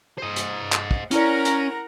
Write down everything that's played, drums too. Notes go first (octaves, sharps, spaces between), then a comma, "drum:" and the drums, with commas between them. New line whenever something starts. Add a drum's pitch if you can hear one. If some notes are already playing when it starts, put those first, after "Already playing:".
C5 D#5
drum: hi-hat
drum: clap
drum: kick
C#4 E4 A#4 D5 F#5 A#5, drum: hi-hat
drum: hi-hat